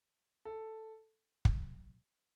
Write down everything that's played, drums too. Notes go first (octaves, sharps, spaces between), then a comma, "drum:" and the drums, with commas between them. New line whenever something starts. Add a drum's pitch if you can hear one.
A4
drum: kick